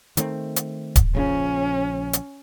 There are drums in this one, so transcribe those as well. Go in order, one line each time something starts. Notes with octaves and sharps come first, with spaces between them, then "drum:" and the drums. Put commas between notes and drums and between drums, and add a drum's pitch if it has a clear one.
D#3 A3 C4, drum: hi-hat
drum: hi-hat
drum: kick D1, hi-hat
A#1 C#3 F3 C#4
drum: hi-hat